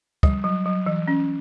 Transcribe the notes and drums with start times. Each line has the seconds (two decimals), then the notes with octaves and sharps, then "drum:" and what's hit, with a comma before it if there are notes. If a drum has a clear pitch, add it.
0.23 G3, drum: kick
0.44 F#3
0.66 F#3
0.86 E3
1.08 C#4